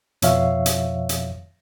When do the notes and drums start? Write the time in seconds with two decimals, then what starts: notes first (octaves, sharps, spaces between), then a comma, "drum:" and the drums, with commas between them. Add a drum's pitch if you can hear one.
0.22 F2 B2 F3 C#5 E5 F5, drum: hi-hat
0.66 drum: hi-hat
1.09 drum: hi-hat